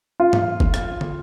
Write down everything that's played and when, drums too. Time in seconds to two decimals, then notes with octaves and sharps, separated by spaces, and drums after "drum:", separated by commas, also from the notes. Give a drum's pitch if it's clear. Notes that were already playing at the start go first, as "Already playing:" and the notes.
0.20 F4
0.33 drum: tom G#2
0.60 drum: kick
0.74 drum: rim click
1.01 drum: tom